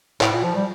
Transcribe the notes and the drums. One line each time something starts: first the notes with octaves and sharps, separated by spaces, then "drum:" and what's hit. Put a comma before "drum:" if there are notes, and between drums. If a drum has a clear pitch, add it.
A2, drum: clap
A#2
F3
G3